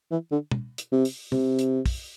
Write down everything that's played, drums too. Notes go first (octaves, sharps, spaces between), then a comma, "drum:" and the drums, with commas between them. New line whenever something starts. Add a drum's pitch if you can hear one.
E3
D3
drum: tom
drum: hi-hat
C3
drum: open hi-hat
C3, drum: tom
drum: hi-hat
drum: kick, open hi-hat